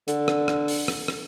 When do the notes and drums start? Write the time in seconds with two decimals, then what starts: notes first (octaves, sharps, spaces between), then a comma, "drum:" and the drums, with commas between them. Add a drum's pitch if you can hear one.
0.08 D3, drum: hi-hat
0.28 drum: rim click
0.48 drum: rim click
0.68 drum: open hi-hat
0.88 drum: rim click
1.08 drum: rim click